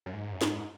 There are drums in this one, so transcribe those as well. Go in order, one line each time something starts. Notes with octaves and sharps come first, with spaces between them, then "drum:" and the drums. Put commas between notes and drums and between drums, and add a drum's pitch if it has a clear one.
F#2
G#2
F#2
G#2, drum: snare